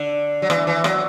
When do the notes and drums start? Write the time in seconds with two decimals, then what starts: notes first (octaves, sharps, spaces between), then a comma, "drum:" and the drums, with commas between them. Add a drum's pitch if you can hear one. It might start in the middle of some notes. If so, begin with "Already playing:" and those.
Already playing: D3
0.42 F#3
0.50 E3, drum: rim click
0.67 E3
0.84 F#3, drum: rim click